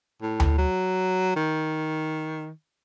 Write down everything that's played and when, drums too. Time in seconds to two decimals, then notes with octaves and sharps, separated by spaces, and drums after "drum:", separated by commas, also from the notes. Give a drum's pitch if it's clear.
0.23 A2
0.40 drum: tom D2
0.58 F#3
1.36 D#3